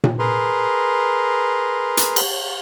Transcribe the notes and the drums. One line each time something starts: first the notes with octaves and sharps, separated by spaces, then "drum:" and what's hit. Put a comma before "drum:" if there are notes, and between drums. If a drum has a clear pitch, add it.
drum: tom A#2
G#4 A#4 B4 A#5 C6
drum: hi-hat
drum: cymbal